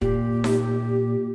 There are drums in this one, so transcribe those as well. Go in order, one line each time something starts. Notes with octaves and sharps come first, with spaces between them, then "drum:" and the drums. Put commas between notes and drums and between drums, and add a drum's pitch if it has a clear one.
A#2 G4, drum: kick
drum: snare D#4